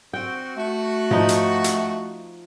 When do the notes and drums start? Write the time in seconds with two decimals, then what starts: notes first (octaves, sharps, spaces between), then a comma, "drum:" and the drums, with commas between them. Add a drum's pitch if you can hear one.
0.13 C4 F#4 G5
0.57 A3 F#4
1.11 F3 D#4, drum: tom G#2
1.29 drum: hi-hat
1.64 drum: hi-hat